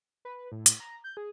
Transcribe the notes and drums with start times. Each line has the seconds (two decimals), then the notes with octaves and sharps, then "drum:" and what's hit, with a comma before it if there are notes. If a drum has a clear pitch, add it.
0.25 B4
0.52 A2
0.66 drum: hi-hat
0.80 A#5
1.04 G6
1.17 G#4